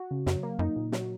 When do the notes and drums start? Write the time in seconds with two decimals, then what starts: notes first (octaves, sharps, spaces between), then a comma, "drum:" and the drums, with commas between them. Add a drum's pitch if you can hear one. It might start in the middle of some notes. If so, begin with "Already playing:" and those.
Already playing: F#4
0.11 C#3
0.27 F#2 F#3, drum: snare
0.43 A#3
0.59 F#2 D#4
0.76 A#2
0.92 F#3, drum: snare